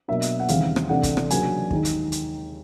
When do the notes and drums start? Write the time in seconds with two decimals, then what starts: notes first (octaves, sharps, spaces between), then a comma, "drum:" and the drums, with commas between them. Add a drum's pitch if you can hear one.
0.08 B2 F#3 A#3 D4 E5
0.22 drum: hi-hat
0.40 F#5
0.48 D#2 C#3 E3 G3 C4 F5, drum: hi-hat
0.76 drum: rim click
0.89 C3 E3 A3 D4 F#5
1.03 drum: kick, hi-hat
1.17 drum: rim click
1.30 C#3 F#3 A#3 D4 G#5, drum: hi-hat
1.71 D#2 D#3 G#3, drum: kick
1.85 drum: hi-hat
2.12 drum: hi-hat